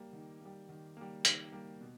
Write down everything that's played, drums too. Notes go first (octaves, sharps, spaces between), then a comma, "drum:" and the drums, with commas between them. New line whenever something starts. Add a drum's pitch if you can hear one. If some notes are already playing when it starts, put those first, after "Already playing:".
Already playing: G3 A#3
D#3
G3 A#3
D#3
G3 A#3
D#3, drum: hi-hat
G3 A#3
B2